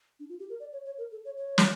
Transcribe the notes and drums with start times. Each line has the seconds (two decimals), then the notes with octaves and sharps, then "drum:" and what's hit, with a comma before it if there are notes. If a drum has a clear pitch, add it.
0.20 D4
0.29 F4
0.40 G4
0.50 A#4
0.60 D5
0.72 C#5
0.85 C#5
0.98 A#4
1.12 A4
1.25 C#5
1.37 C#5
1.58 drum: snare